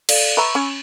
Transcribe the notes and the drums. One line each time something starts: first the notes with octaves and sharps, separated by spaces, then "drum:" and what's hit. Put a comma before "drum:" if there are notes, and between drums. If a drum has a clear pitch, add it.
A4 D5 F5, drum: cymbal
B4 E5 A#5 B5 C#6 E6
C#4